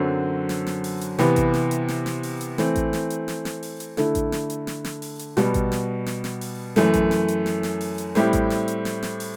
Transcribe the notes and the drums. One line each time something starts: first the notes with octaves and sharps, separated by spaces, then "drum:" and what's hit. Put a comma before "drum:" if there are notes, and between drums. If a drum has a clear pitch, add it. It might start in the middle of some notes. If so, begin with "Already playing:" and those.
Already playing: F#2 D3 F#3 C4 F#4
drum: snare
drum: snare
drum: open hi-hat
drum: hi-hat
C3 E3 B3, drum: snare
drum: kick A1, hi-hat
drum: snare
drum: hi-hat
drum: snare
drum: snare
drum: open hi-hat
drum: hi-hat
E3 A3 C4, drum: snare
drum: kick A1, hi-hat
drum: snare
drum: hi-hat
drum: snare
drum: snare
drum: open hi-hat
drum: hi-hat
D3 A3 E4 A4, drum: snare
drum: kick A1, hi-hat
drum: snare
drum: hi-hat
drum: snare
drum: snare
drum: open hi-hat
drum: hi-hat
B2 G3 B3, drum: snare
drum: kick A1, hi-hat
drum: snare
drum: snare
drum: snare
drum: open hi-hat
F#2 E3 A3, drum: snare
drum: kick A1, hi-hat
drum: snare
drum: hi-hat
drum: snare
drum: snare
drum: open hi-hat
drum: hi-hat
A2 G3 C4 E4 G4, drum: snare
drum: kick A1, hi-hat
drum: snare
drum: hi-hat
drum: snare
drum: snare
drum: open hi-hat